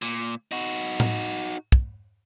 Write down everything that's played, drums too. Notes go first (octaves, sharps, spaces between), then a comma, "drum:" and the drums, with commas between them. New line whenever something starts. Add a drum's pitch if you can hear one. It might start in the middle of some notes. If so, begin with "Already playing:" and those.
A#2
D#4 F#4
drum: tom A2
drum: kick